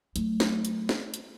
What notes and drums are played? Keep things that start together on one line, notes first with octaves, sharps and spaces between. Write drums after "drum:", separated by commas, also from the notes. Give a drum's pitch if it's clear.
F#3 A3, drum: hi-hat
drum: snare
drum: hi-hat
drum: snare
drum: hi-hat